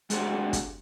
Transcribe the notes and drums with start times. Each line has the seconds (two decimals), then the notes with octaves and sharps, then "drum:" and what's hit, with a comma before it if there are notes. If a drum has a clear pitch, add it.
0.10 G#3 A3 D4 F#4 G4 C5, drum: hi-hat
0.53 drum: kick, hi-hat